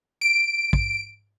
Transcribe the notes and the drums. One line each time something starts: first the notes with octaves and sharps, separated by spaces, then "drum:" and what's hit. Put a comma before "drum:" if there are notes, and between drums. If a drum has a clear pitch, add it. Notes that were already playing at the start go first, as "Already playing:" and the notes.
D7
drum: kick